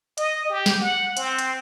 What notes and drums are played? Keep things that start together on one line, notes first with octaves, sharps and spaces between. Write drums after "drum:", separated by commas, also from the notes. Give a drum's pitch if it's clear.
D#5, drum: hi-hat
G4
drum: snare
F#5
C4, drum: hi-hat
drum: hi-hat